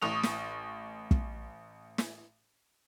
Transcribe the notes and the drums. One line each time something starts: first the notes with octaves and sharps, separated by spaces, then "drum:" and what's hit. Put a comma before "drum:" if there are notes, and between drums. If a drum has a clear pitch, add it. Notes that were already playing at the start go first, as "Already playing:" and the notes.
A1 C#6 D#6 F7
drum: snare
drum: kick
drum: snare